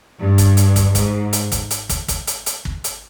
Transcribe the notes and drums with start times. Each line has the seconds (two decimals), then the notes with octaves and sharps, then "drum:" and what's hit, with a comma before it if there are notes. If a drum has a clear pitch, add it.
0.19 G2
0.38 drum: kick, hi-hat
0.57 drum: hi-hat
0.76 drum: kick, hi-hat
0.95 G#2, drum: kick, hi-hat
1.33 drum: hi-hat
1.52 drum: kick, hi-hat
1.70 drum: hi-hat
1.89 drum: kick, hi-hat
2.08 drum: kick, hi-hat
2.27 drum: hi-hat
2.46 drum: hi-hat
2.65 drum: kick
2.84 drum: hi-hat